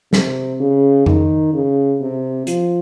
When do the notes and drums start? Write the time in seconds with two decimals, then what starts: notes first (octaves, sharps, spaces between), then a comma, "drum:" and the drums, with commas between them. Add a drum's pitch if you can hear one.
0.13 C3, drum: snare
0.60 C#3
1.06 D#3, drum: tom F2
1.53 C#3
2.01 C3
2.47 F3, drum: hi-hat